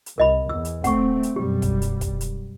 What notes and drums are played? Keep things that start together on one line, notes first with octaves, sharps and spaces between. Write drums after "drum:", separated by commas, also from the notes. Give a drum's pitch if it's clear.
drum: hi-hat
C2 A#4 D#5 B5
E2 E6
drum: hi-hat
A3 C4 F#5 C#6, drum: kick, hi-hat
drum: hi-hat
F#2 B2 G3 G4
drum: kick, hi-hat
drum: hi-hat
drum: kick, hi-hat
drum: hi-hat